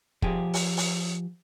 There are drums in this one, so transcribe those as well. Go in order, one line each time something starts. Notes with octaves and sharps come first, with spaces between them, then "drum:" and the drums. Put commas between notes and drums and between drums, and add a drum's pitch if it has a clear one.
F3 G4 G#4, drum: kick
drum: open hi-hat
drum: open hi-hat